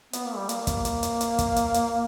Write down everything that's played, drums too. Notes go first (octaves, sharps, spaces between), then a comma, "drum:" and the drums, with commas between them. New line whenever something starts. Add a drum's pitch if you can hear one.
B3, drum: hi-hat
A#3
G3
A#3, drum: hi-hat
drum: kick, hi-hat
drum: hi-hat
drum: hi-hat
drum: hi-hat
drum: kick, hi-hat
drum: hi-hat
drum: hi-hat